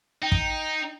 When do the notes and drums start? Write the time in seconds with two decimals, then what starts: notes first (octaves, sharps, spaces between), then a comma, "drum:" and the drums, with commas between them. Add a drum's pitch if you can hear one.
0.22 D#4 G5
0.32 drum: kick